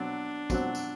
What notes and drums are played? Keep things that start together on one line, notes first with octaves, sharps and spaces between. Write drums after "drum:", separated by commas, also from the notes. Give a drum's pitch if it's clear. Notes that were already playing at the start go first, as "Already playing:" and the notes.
Already playing: B2 F#3 C4 D4
B2 F#3 C4 F#4, drum: kick, tambourine
drum: tambourine